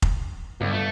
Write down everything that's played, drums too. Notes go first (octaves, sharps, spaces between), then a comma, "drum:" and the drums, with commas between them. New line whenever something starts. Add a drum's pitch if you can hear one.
drum: kick
G1 C#2
A3